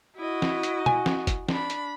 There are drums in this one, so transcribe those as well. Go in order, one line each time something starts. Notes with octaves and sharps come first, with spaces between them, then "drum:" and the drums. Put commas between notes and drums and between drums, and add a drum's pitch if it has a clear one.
E4 F#4 D#5
drum: snare
drum: hi-hat
G#5, drum: tom
drum: snare
drum: kick, hi-hat
D4 B5, drum: snare
drum: hi-hat